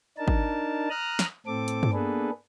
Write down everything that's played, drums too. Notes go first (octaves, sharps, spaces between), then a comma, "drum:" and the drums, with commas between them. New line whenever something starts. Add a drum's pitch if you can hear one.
D4 D#4 A#4 A5
drum: kick G#1
A#5 D#6 F6 F#6
drum: snare
A2 C4 A4 D6
drum: hi-hat
drum: tom G2
A#3 B3 D4 G#4 A4 B4